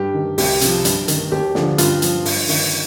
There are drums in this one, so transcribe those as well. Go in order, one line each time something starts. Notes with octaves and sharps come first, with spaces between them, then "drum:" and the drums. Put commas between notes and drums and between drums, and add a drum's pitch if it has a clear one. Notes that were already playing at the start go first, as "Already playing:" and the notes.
Already playing: G2 G4
D#3
C2 G4, drum: open hi-hat
C3 F3, drum: hi-hat
G2, drum: hi-hat
D#3, drum: hi-hat
D#2 G4
D3 F3, drum: snare
G2 F4, drum: hi-hat
F3, drum: hi-hat
G2, drum: open hi-hat
D#3, drum: open hi-hat